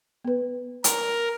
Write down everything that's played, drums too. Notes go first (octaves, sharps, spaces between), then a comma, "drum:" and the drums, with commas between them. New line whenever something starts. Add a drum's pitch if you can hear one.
B3 B4
A#4, drum: hi-hat